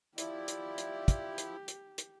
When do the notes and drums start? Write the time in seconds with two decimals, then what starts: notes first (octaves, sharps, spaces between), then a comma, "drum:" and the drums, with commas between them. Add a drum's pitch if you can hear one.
0.18 F3 E4 G4 D5, drum: hi-hat
0.48 drum: hi-hat
0.78 drum: hi-hat
1.08 drum: kick, hi-hat
1.38 drum: hi-hat
1.68 drum: hi-hat
1.98 drum: hi-hat